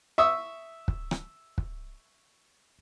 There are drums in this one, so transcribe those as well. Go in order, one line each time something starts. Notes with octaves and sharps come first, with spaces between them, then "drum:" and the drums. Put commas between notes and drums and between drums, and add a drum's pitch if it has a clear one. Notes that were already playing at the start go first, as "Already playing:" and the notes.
E5 C#6 D#6 E6
drum: kick
drum: rim click
drum: kick